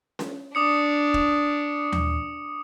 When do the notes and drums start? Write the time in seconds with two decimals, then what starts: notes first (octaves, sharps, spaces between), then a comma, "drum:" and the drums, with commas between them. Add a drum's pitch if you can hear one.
0.19 drum: snare C#4
0.55 D4 D6 D#6 C#7
1.14 drum: kick
1.92 drum: tom D#2